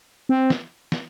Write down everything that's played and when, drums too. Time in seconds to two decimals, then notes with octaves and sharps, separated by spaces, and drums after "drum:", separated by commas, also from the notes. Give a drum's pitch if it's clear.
0.29 C4
0.50 drum: snare
0.92 drum: snare